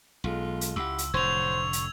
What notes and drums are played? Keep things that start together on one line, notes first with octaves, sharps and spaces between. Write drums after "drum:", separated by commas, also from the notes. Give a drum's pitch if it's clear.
B1 G#3 F4 A4
drum: hi-hat
C#2 E4 G4 F#5 E6
drum: hi-hat
F1 A2 D3 F#3 C5 C#6 G#6 F7
drum: hi-hat